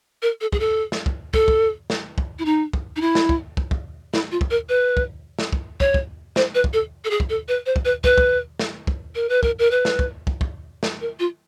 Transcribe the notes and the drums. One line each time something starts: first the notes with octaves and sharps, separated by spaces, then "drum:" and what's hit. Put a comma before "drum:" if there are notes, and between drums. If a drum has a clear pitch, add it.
A#4
A4
G#4, drum: kick
A4
drum: snare
drum: kick
A4, drum: kick
drum: kick
drum: snare
drum: kick
E4
D#4
drum: kick
D#4
E4
drum: snare
drum: kick
drum: kick
drum: kick
E4, drum: snare
F4
drum: kick
A#4
B4
drum: kick
drum: snare
drum: kick
C#5, drum: kick
drum: kick
C5, drum: snare
B4
drum: kick
A4
A4
G#4
drum: kick
A4
B4
C5
drum: kick
B4
B4, drum: kick
drum: kick
drum: snare
drum: kick
A#4
B4
A#4, drum: kick
A#4
B4
drum: snare
drum: kick
drum: kick
drum: kick
drum: snare
A#4
F4